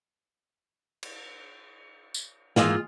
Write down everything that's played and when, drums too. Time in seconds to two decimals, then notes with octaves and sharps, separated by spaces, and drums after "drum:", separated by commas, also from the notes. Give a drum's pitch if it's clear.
1.03 drum: cymbal
2.14 drum: tambourine
2.56 G#2 E3 A#3 F4 G#4 D#5, drum: snare